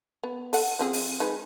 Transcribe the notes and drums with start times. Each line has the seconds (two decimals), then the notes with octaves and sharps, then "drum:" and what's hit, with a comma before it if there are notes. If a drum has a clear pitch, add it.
0.23 B3
0.53 A4 F#5, drum: open hi-hat
0.79 F3 C4 G#4
0.93 drum: open hi-hat
1.20 G#3 D#4 B4